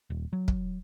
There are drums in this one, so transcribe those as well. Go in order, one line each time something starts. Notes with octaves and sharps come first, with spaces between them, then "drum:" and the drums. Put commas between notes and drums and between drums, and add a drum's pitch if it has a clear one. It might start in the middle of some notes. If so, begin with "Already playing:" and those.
D#1
F#3
drum: kick